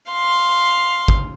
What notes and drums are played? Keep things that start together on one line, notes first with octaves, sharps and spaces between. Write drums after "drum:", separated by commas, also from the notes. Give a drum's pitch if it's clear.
F5 C6
drum: kick